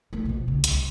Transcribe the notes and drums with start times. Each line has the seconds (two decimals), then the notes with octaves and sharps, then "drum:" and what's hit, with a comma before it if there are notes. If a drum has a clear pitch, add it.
0.13 E3 A3
0.25 B2 F3
0.48 C#3
0.64 C2, drum: hi-hat